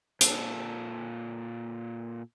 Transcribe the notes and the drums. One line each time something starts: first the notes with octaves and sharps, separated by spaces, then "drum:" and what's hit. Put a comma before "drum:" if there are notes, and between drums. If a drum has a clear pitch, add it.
A#2 A4, drum: hi-hat